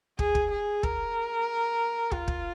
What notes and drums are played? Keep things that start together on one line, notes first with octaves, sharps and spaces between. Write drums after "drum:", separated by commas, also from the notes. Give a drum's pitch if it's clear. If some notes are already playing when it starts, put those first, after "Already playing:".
G#4, drum: kick
drum: kick
G#4
A#4, drum: kick
F4, drum: kick
drum: kick